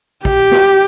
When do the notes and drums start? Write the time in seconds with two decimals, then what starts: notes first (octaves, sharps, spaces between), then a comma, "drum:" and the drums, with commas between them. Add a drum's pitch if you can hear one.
0.25 G4, drum: kick
0.51 drum: snare